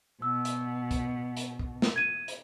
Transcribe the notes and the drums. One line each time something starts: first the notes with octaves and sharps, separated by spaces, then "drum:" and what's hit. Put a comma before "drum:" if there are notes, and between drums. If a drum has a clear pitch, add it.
B2 E6
drum: hi-hat
drum: kick, hi-hat
drum: hi-hat
drum: kick
drum: snare
G#6 D#7
drum: hi-hat